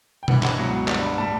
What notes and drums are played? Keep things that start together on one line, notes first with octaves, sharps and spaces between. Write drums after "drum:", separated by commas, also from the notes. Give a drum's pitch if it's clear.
G5
G2 E3 G3 F#5, drum: tom B2
F#5, drum: clap
C#2 B2 F#3
G2 D3 G3, drum: clap
A2 G3 A5